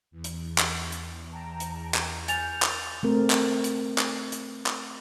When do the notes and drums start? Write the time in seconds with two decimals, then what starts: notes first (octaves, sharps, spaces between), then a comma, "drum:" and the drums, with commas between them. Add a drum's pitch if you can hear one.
0.11 E2
0.24 drum: hi-hat
0.58 drum: clap
0.92 drum: hi-hat
1.31 G5 A5 A#5
1.60 drum: hi-hat
1.94 drum: clap
2.28 F#5 G#5 F6 G6 A6 F7, drum: hi-hat
2.62 drum: clap
3.03 A3 C4 A#4
3.30 drum: clap
3.64 drum: hi-hat
3.98 drum: clap
4.32 drum: hi-hat
4.66 drum: clap